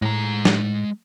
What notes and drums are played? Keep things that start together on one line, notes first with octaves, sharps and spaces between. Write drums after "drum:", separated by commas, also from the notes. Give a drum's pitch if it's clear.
A2 G#3 A#5
drum: snare